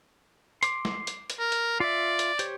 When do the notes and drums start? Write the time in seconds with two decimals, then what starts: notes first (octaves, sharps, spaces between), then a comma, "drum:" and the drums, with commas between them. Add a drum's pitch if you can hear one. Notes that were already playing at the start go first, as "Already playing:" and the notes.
0.63 C6 D6, drum: hi-hat
0.85 drum: snare
1.07 drum: hi-hat
1.30 drum: hi-hat
1.39 A#4
1.52 drum: hi-hat
1.80 F4 D5 E5
2.19 drum: hi-hat
2.39 G4 C5 C#5, drum: hi-hat